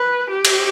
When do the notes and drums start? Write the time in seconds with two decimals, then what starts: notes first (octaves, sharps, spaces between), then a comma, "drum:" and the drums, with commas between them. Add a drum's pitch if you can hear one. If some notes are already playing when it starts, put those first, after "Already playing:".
Already playing: B4
0.30 G4
0.45 drum: cymbal